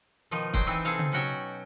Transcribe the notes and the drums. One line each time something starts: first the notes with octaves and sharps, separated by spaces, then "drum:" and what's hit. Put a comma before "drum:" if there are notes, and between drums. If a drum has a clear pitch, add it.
B2 D#3 F3 D#4
F#3 C5 G5, drum: kick
E3 C4 D#4 E5
C3 G#4 A4 F5, drum: hi-hat
drum: tom C#3
B2 F#3 C#4 F#4 G5